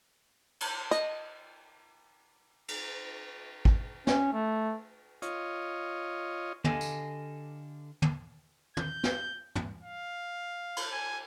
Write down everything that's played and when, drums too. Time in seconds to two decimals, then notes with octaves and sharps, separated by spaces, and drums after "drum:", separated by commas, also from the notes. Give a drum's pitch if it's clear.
0.60 drum: cymbal
0.91 D#5, drum: hi-hat
2.68 drum: cymbal
3.65 drum: kick
4.07 C#4, drum: snare
4.33 A3
5.22 F4 C#5 D#5, drum: hi-hat
6.64 D3 G4 A4 D#5 F5 G#5, drum: tom
6.81 drum: tambourine
8.02 drum: tom
8.77 G6, drum: tom
9.04 drum: snare
9.55 drum: tom
9.83 F5
10.77 drum: cymbal
10.92 G#5